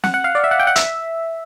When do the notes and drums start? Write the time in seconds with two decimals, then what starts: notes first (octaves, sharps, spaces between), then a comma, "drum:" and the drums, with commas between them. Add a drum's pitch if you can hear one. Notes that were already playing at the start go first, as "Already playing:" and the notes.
0.04 F#5, drum: snare
0.14 F#5
0.24 F5
0.35 D5
0.44 E5
0.51 F#5
0.59 G5
0.67 F#5
0.76 E5, drum: hi-hat